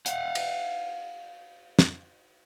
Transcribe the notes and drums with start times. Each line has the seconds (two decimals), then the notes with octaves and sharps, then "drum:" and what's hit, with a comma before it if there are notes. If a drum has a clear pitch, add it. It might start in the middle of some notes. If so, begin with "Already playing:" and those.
0.06 F5 F#5, drum: hi-hat
0.35 drum: cymbal
1.79 drum: snare